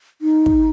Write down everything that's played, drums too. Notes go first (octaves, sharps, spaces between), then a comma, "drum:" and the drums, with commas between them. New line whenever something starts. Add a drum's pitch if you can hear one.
D#4
drum: kick